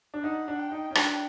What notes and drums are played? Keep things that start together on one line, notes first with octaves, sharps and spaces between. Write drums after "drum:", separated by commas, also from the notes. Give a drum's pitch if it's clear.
D4
D#4 F#5
D4
G5
D#4
C#4
D4, drum: rim click